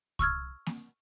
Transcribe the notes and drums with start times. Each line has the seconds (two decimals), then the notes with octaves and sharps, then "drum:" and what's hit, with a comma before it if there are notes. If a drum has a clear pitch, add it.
0.19 C#6 E6 F6 G#6, drum: kick C2
0.66 drum: snare A#3